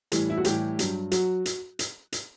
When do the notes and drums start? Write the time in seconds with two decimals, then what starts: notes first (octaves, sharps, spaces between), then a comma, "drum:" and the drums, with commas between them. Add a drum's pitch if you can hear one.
0.12 A2 E3 G3, drum: hi-hat
0.30 E4
0.37 F#4
0.44 A2 E3 G3 G4, drum: hi-hat
0.79 G2 F#3, drum: hi-hat
1.11 F#3 F#4, drum: hi-hat
1.46 drum: hi-hat
1.79 drum: hi-hat
2.12 drum: hi-hat